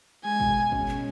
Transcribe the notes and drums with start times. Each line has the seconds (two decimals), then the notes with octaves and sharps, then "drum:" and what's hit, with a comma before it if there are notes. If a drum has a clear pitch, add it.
0.24 G#3 G#5
0.40 B2, drum: kick
0.56 G#3
0.72 C#4, drum: kick
0.88 C#4, drum: clap